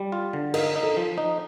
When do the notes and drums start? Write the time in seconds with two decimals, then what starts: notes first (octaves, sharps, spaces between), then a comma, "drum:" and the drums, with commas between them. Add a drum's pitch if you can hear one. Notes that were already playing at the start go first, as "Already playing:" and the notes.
Already playing: G3
0.12 F4
0.33 D3
0.54 D#4 A#4, drum: cymbal
0.76 D#4
0.83 A4
0.97 F3
1.18 D#4